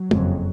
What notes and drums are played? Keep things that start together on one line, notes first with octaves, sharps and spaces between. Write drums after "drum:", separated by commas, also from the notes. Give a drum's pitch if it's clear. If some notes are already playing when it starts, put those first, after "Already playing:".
Already playing: F#3
F#1 F2 C#3, drum: tom